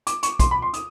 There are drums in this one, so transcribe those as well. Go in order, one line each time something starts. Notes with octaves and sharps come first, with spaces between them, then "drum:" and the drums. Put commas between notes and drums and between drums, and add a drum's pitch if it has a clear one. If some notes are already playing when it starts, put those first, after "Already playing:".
D6, drum: hi-hat
C#6, drum: hi-hat
C6, drum: kick, hi-hat
B5
C6
D#6, drum: hi-hat